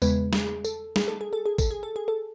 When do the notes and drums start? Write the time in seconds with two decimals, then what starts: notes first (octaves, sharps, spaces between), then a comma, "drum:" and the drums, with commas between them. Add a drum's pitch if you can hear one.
0.02 E2 C#3 G#3 B3 B4, drum: tambourine
0.33 G#4, drum: snare
0.65 A4, drum: tambourine
0.96 G#4, drum: snare
1.08 A4
1.21 G#4
1.33 A4
1.46 G#4
1.58 A4, drum: kick, tambourine
1.71 G#4
1.83 A4
1.96 G#4
2.08 A4